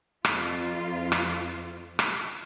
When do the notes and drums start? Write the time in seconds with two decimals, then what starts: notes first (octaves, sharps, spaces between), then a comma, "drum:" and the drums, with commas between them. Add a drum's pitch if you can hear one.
0.25 F2 F4, drum: rim click
1.12 drum: rim click
1.99 drum: rim click